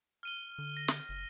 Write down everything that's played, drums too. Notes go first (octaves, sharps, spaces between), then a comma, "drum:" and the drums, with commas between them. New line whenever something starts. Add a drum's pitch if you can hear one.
F6 D#7 G7
D3
A#6
drum: snare
F#1